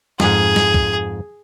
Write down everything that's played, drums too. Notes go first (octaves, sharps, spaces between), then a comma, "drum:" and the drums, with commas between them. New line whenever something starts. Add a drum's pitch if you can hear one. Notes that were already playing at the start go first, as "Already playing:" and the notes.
F2 G#2 G#4, drum: snare
drum: snare
drum: kick